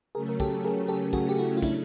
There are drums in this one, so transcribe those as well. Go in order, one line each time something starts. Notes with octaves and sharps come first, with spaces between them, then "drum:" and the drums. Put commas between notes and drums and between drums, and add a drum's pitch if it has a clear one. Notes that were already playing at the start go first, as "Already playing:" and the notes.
C#3 F#3 A3 C#4 G#4 A#4
A#4
G4 A4, drum: kick
G#4 A#4
G4 A4
F#4 G#4, drum: kick
G4
E4 F#4
F4
D4 E4, drum: kick